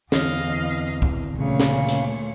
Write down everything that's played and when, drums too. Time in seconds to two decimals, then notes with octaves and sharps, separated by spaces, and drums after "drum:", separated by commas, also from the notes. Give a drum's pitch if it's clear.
0.12 E2 D3 E3 C4 D#5 F5, drum: snare
1.02 drum: kick
1.37 D2 A#2 C#3 C#5
1.60 drum: snare
1.88 drum: hi-hat